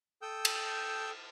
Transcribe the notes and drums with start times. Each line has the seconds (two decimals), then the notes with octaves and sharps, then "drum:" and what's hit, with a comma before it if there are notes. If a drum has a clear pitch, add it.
0.22 A4 G5 D#6 E6 G6
0.45 drum: cymbal